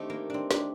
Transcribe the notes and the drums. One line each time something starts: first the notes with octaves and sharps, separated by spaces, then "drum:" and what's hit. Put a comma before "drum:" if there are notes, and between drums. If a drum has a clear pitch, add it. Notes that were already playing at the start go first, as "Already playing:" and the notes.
Already playing: D#3 A3 C4 D4 D#4 G4
A#3
C4 D4
D4, drum: snare